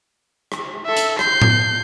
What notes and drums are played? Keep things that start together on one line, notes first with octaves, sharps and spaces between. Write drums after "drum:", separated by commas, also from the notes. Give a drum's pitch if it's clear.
drum: rim click
A4 E5
drum: hi-hat
G6 C7, drum: rim click
drum: tom A2